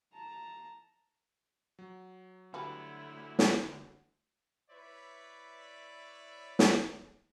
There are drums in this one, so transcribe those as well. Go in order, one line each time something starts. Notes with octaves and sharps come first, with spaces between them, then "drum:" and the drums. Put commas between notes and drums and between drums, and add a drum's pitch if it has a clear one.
A5 A#5
F#3
D3 G3 A3 E4 F#4 B4
drum: snare
E4 B4 C#5 D5 E5
drum: snare